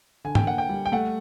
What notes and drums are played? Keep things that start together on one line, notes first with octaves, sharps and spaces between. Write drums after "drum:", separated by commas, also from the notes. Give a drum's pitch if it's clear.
D3 G#5
G5, drum: tom G#2
A#3 F#5
G5
G3
G5
A3 F#5